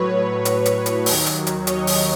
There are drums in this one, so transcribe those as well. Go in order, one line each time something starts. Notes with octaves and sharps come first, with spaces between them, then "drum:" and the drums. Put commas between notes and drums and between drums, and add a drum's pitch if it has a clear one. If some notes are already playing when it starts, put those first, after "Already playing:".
Already playing: A2 F#3 B4 C#5
drum: hi-hat
drum: hi-hat
drum: hi-hat
D#2 D#3 F#3, drum: open hi-hat
drum: hi-hat
drum: hi-hat
C#5 D#5, drum: hi-hat
drum: open hi-hat